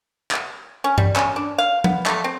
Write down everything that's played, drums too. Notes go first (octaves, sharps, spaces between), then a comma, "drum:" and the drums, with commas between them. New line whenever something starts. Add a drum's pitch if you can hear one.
drum: clap
C#4
G3, drum: tom G2
C#4, drum: clap
D4
F5
B3, drum: tom F3
A3, drum: clap
C4